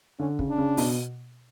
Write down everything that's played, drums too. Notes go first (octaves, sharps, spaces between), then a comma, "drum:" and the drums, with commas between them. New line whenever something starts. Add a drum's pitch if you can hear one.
D3 C#4
C#3, drum: kick
D4
C#3
B2, drum: open hi-hat